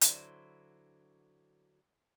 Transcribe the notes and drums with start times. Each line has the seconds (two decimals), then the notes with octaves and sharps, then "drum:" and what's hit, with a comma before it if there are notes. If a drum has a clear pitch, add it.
0.01 D3 F#3 E4 C5, drum: hi-hat